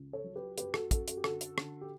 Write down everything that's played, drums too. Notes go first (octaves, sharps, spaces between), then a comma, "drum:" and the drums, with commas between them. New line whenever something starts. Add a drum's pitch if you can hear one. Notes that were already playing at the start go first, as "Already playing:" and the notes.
Already playing: C#2
A4 C#5
F#3
G4 B4
F#2 G4 B4, drum: hi-hat
F#4 A4, drum: rim click
F#2 F#4 A4, drum: kick, hi-hat
F#4 A4, drum: hi-hat
G4
D3 F#4 A4, drum: rim click
drum: hi-hat
D3, drum: rim click
G4